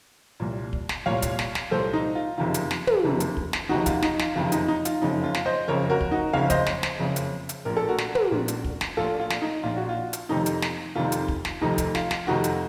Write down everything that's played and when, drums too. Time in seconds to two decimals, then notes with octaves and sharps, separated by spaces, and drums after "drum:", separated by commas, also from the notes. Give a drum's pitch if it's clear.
0.40 C2 A#2
0.73 drum: kick
0.89 drum: snare
1.06 C2 A#2 C#5 F5
1.22 drum: kick, hi-hat
1.39 drum: snare
1.55 drum: snare
1.71 C2 A#2 A4 C5
1.93 D#4
2.15 F4
2.38 F#1 F2 C3 D#3 F4
2.54 drum: hi-hat
2.71 drum: snare
2.87 drum: tom
3.04 F#1 F2 C3 D#3
3.20 drum: hi-hat
3.37 drum: kick
3.53 drum: snare
3.69 F#1 F2 C3 D#3 D#4 F#4
3.86 F4, drum: kick, hi-hat
4.03 D#4, drum: snare
4.20 F4, drum: snare
4.35 F#1 F2 C3 D#3 F4
4.52 D#4, drum: hi-hat
4.68 D#4
4.85 F4, drum: hi-hat
5.01 F#1 F2 C#3 D#4
5.24 F4
5.35 drum: snare
5.46 C5 D#5
5.68 F#1 F2 C#3 A#4 C#5
5.90 F#4 A#4
6.01 drum: kick
6.11 D#4 F#4
6.33 F#1 F2 C#3 C#5 F5
6.50 C5 D#5, drum: kick, hi-hat
6.67 drum: snare
6.83 drum: snare
6.99 F#1 F2 C#3
7.16 drum: hi-hat
7.49 drum: hi-hat
7.65 A#1 A#2 A#4
7.77 A4
7.88 F#4 A#4
7.99 drum: snare
8.15 drum: tom
8.31 A#1 A#2
8.48 drum: hi-hat
8.64 drum: kick
8.81 drum: snare
8.97 A#1 A#2 F4 A4
9.20 F4
9.30 drum: snare
9.42 D#4
9.63 A#1 A#2 F4
9.76 F#4
9.89 F4
10.13 drum: hi-hat
10.29 F1 F2 C3 D#3 D#4
10.46 drum: hi-hat
10.62 drum: snare
10.95 F1 F2 C3 D#3 F4
11.12 drum: hi-hat
11.28 drum: kick
11.45 drum: snare
11.61 F1 F2 C3 D#3 D#4
11.78 drum: kick, hi-hat
11.95 F4, drum: snare
12.11 drum: snare
12.27 F1 F2 C3 D#3 D#4 F#4
12.44 drum: hi-hat